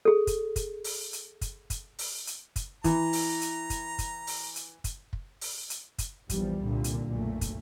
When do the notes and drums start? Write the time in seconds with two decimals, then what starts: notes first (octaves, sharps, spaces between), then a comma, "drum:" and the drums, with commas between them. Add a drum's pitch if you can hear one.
0.05 G#4 A4
0.27 drum: kick, hi-hat
0.56 drum: kick, hi-hat
0.84 drum: open hi-hat
1.13 drum: hi-hat
1.41 drum: kick, hi-hat
1.70 drum: kick, hi-hat
1.99 drum: open hi-hat
2.27 drum: hi-hat
2.56 drum: kick, hi-hat
2.84 E3 A#5, drum: kick, hi-hat
3.13 drum: open hi-hat
3.41 drum: hi-hat
3.70 drum: kick, hi-hat
3.99 drum: kick, hi-hat
4.27 drum: open hi-hat
4.56 drum: hi-hat
4.84 drum: kick, hi-hat
5.13 drum: kick
5.41 drum: open hi-hat
5.70 drum: hi-hat
5.98 drum: kick, hi-hat
6.30 A#1 E2 F3 G3, drum: kick, hi-hat
6.62 C2 A#2 D3
6.84 drum: hi-hat
7.06 B1 F#2 A#2 A3
7.41 drum: kick, hi-hat